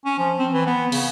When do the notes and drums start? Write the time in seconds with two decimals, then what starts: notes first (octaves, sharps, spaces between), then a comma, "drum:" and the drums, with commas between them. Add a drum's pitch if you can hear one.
0.05 C#4
0.18 F3
0.38 C4
0.52 E3
0.66 B3
0.92 C#3, drum: open hi-hat